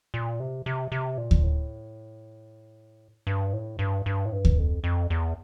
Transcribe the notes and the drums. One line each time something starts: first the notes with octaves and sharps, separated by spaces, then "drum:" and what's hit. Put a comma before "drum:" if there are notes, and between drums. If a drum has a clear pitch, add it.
A#2
C3
C3
C3
A#2
drum: kick D2
A2
G2
A2
G2
G2
A2
G2
drum: kick D2
F2
F2
E2